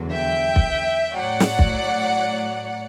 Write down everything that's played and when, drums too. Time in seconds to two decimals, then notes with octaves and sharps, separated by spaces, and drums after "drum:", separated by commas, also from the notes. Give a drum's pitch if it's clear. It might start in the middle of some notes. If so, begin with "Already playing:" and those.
Already playing: E2 D3 F#3
0.13 E5 G5
0.56 drum: kick
1.15 A2 F#3 D5 F#5
1.40 drum: snare
1.59 drum: kick